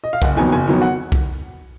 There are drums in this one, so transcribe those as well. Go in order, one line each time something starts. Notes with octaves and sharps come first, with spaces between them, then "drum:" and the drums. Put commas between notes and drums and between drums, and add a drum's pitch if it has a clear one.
D#5
F5
F#1 F#5, drum: kick C2
F2 D#3 F#3 B3 G#5
F#1 G#5
F2 D#3 F#3 B3
F#5
drum: kick C2